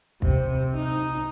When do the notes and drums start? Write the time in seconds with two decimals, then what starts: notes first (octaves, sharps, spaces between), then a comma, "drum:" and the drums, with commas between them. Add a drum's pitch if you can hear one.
0.22 C3, drum: kick
0.76 D#4